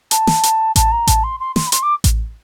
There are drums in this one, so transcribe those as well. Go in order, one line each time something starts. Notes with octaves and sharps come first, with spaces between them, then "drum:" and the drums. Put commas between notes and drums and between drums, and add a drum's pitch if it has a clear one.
A5, drum: hi-hat
drum: snare
drum: hi-hat
A5, drum: kick A1, hi-hat
A#5
A5, drum: kick A1, hi-hat
C6
C6
C6, drum: snare
B5
C6, drum: hi-hat
D6
drum: kick A1, hi-hat